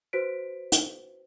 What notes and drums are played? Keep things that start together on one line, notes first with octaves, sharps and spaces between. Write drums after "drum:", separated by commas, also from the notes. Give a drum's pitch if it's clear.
F#4 B4 C5 B6 D7
drum: hi-hat